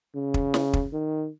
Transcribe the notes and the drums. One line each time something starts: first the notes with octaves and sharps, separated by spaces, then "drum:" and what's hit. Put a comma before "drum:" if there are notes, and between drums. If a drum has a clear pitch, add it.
C#3
drum: kick
drum: snare
drum: kick
D#3